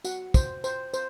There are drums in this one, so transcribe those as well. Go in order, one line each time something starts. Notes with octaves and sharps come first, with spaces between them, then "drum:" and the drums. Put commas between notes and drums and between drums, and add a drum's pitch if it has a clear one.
F#4 F#5, drum: tambourine
C5, drum: kick, tambourine
C5, drum: tambourine
C5, drum: tambourine